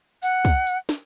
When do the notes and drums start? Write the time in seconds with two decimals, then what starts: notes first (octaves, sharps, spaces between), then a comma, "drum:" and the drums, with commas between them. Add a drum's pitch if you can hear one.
0.23 F#5, drum: tambourine
0.45 drum: kick, tambourine
0.67 drum: tambourine
0.89 drum: snare